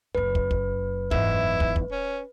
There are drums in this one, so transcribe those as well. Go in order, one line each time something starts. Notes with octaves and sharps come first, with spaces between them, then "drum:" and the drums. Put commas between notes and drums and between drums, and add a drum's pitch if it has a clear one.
F#1 F#2 B4
drum: kick
drum: kick
E2 G#2 E4, drum: kick
drum: kick
drum: kick
C#4